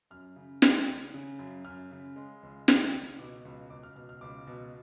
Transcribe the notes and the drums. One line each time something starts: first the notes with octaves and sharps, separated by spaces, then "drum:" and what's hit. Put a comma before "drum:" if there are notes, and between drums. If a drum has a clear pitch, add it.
F#2 F6
C#3
G#3 F#6, drum: snare
C#3
C#3
F#2
F#2 F6
C#3
G#3
C#2
C#2, drum: snare
C#2
B2 D6
C#2
C#2 D6
F6
B2 F6
F6
C#2 D6
B2